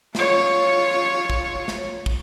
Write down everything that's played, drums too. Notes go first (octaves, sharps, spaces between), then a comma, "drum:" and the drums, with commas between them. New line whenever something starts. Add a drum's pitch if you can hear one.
F4 C#5, drum: snare
drum: kick
drum: snare
drum: kick